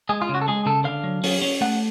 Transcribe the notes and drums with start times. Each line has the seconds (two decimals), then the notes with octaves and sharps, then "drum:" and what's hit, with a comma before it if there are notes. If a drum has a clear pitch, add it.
0.09 G#3 G#4
0.22 F4
0.29 C#3
0.35 F#4
0.41 A4
0.48 G#3 G#4
0.66 C#3 A4
0.85 D3 F5
1.04 F#3
1.24 C#4, drum: open hi-hat
1.42 C#4
1.61 A3 F#5